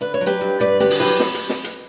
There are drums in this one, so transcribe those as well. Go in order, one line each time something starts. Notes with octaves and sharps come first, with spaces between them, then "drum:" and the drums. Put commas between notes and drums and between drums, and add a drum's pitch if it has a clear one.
D3 B4
C#5
F#3
G4 B4
G2
G2 B4 D5
D3 G4 B4
drum: open hi-hat
F#3 G4 B4
drum: snare
drum: hi-hat
drum: snare
drum: hi-hat